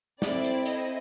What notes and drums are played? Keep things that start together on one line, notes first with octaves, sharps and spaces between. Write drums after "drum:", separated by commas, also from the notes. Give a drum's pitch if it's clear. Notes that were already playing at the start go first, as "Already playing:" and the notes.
C4 E4 A4 D5, drum: snare
drum: hi-hat
D#5, drum: hi-hat